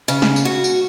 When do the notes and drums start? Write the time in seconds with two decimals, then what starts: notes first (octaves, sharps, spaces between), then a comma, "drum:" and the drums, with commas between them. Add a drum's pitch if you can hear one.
0.08 C#3, drum: tambourine
0.22 drum: snare
0.36 drum: tambourine
0.45 F#4
0.64 drum: tambourine